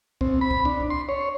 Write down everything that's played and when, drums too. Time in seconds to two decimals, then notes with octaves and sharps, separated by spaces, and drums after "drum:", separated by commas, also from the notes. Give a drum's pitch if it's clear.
0.21 C4, drum: kick
0.41 B5
0.51 drum: kick
0.65 D4
0.80 drum: kick
0.90 C6
1.09 C#5